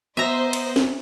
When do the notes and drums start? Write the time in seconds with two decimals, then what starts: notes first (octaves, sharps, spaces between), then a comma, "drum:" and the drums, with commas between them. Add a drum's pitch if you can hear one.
0.17 B3 C5 D#5 E5 A#5
0.53 drum: cymbal
0.76 drum: snare